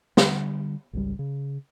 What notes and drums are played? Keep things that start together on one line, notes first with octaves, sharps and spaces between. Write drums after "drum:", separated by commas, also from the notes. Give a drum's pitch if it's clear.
D3 G3, drum: snare
G#1 C#2 G3
C#3